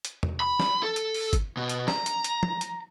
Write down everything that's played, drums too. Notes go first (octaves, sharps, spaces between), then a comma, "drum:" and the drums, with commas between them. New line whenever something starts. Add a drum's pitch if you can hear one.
drum: hi-hat
drum: tom
B5
drum: snare
A4
drum: hi-hat
drum: open hi-hat
drum: kick G1, hi-hat
B2
drum: hi-hat
A#5, drum: snare
drum: hi-hat
drum: hi-hat
drum: tom
drum: hi-hat